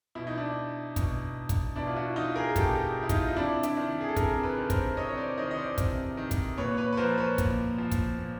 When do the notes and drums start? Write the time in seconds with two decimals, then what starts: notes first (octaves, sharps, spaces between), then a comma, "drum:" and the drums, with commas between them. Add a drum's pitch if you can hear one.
0.15 B2 E4
0.27 D#4
0.38 D4 E4
0.96 B2, drum: kick, hi-hat
1.49 drum: kick, hi-hat
1.76 B2 D4 E4
1.87 F4
1.96 E4 F#4
2.16 D#4 F4
2.36 G#4 A#4
2.56 B2 G4 A4, drum: kick, hi-hat
3.03 E4
3.09 D#4 F4, drum: kick, hi-hat
3.28 D#4
3.36 C3 D4 E4
3.63 D4 E4, drum: hi-hat
3.77 D#3
4.01 G#4
4.08 A4
4.16 C3 G#4 A#4, drum: kick, hi-hat
4.43 A4 B4
4.57 D#3
4.70 A#4 C5, drum: kick, hi-hat
4.97 C3 C#5 D#5
5.08 C#5
5.17 C5 D5
5.37 D#3 C#5 D#5
5.51 D#5
5.57 C5 D5
5.78 C3, drum: kick, hi-hat
6.17 D#3
6.31 drum: kick, hi-hat
6.57 A#2 B4 C#5
6.77 B4 C#5
6.93 B4
6.97 F3 A#4 C5
7.18 B4 C#5
7.38 A#2, drum: kick, hi-hat
7.78 F3
7.91 drum: kick, hi-hat
8.18 A#2